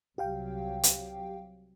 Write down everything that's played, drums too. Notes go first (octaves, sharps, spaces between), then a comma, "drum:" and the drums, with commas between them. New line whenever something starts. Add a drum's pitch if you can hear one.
C2 C3 F#3 G4 F5 G5
drum: hi-hat